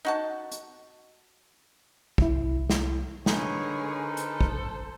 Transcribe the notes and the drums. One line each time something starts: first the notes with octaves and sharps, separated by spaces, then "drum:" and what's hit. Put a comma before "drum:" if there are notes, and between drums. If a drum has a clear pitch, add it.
D#4 F#4 A5
drum: hi-hat
C2 E4, drum: kick
drum: snare
D3 D#4 G#4 A#4 B4 C#5, drum: snare
A4 C5
drum: hi-hat
drum: kick